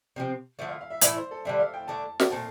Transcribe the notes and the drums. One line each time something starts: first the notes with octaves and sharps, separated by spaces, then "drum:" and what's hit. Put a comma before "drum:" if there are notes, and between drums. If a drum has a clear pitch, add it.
C3 F3 C4
D3 F3 A3 E5
F5
F5
E5
A2 E3 A3 E4 D5, drum: hi-hat
C5
A4
D3 G3 D4 E5
F5
G5
D3 A3 D4 A5
drum: snare
A#2 A3 C4 A5